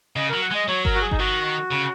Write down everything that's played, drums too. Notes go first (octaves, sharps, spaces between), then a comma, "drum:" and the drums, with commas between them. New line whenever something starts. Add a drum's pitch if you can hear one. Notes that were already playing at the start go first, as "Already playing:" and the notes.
C#3 D#5
F#3 A#4
F#5
G#3 D#5
F#3 C#5
A#4, drum: kick G1
F#4
G#4
D#4, drum: kick G1
D#3 F#4
C#3